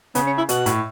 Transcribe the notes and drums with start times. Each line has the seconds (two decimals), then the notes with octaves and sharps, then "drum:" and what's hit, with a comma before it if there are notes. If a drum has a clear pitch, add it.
0.15 C#3 B3, drum: hi-hat
0.26 C#4
0.38 E4
0.49 B2 F#4, drum: hi-hat
0.66 A2, drum: hi-hat